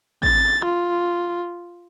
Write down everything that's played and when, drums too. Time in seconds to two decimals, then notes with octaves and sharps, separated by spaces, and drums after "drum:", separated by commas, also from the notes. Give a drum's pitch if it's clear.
0.23 A6, drum: kick
0.65 F4